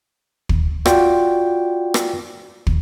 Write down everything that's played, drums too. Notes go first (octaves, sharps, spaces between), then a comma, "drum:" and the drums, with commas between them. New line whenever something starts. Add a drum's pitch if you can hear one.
drum: kick
F4 F#4 D5 G5, drum: rim click
drum: rim click
drum: kick